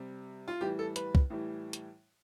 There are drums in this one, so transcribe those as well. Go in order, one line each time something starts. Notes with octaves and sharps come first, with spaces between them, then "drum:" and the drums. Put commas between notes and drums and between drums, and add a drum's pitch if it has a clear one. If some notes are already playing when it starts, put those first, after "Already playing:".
Already playing: C3 G3
F4
A2 E3 G3 G4
A4
B4, drum: hi-hat
drum: kick
A2 E3 G3
drum: hi-hat